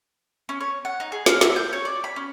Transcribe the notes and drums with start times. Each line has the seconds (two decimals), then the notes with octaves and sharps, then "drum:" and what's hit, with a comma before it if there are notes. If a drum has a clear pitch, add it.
0.49 C#4
0.61 C#5
0.85 F#5
1.00 D#4
1.12 G#4
1.26 F5, drum: snare
1.41 E5, drum: snare
1.56 G6
1.73 C#5
1.85 D5
2.04 B5
2.16 C#4